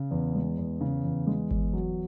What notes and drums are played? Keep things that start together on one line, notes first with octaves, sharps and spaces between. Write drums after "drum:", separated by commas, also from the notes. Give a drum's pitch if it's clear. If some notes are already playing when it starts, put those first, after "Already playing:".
Already playing: C#3
E2
G#3
E2
C#3
E2
G#3
E2, drum: kick G1
F#3